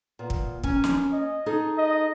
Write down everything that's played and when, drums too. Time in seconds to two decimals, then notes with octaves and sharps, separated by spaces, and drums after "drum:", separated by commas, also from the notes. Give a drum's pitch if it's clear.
0.19 A#2 B3
0.30 drum: kick
0.63 A#3 C#4 G#5, drum: kick
0.84 drum: snare
1.13 D#5
1.46 D#4 G#4 A4
1.78 D#5